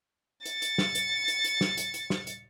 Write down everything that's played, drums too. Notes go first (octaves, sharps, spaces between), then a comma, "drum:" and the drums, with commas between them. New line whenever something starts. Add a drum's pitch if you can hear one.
A6 C#7, drum: hi-hat
drum: hi-hat
drum: snare
drum: hi-hat
drum: hi-hat
drum: hi-hat
drum: snare
drum: hi-hat
drum: hi-hat
drum: snare
drum: hi-hat